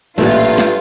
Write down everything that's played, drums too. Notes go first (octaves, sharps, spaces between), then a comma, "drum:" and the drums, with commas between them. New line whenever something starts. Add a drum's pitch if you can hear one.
A1 G2 A#2 F#3 G#3 A3 F4, drum: cymbal
drum: cymbal
drum: cymbal
drum: snare